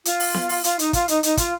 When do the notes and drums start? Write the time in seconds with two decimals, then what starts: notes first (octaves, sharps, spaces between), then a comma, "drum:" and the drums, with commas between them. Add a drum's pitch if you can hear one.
0.05 F4, drum: hi-hat
0.20 drum: open hi-hat
0.34 drum: snare B3
0.49 drum: open hi-hat
0.64 F4, drum: hi-hat
0.79 D#4, drum: hi-hat
0.93 F4, drum: kick, hi-hat
1.08 D#4, drum: hi-hat
1.23 D#4, drum: hi-hat
1.37 F4, drum: kick, hi-hat